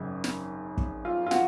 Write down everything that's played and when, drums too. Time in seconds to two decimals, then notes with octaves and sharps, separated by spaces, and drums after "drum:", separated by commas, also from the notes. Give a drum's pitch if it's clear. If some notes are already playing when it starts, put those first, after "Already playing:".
Already playing: G#1 F#2 C#3
0.24 drum: snare
0.77 drum: kick
1.05 F4
1.26 F4
1.31 F#4, drum: snare